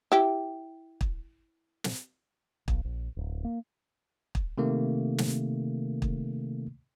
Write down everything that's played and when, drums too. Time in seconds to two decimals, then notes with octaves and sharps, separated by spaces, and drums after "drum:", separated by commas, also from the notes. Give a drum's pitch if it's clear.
0.12 E4 G4
1.01 drum: kick
1.84 drum: snare
2.68 B1, drum: kick
2.85 A#1
3.17 D1
3.45 A#3
4.35 drum: kick
4.58 C3 D#3 A3 A#3
5.18 drum: snare
6.02 drum: kick